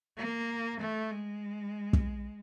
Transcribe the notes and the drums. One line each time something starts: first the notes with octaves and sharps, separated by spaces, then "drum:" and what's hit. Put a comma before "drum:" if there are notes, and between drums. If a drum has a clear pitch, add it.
A#3
A3
G#3
drum: kick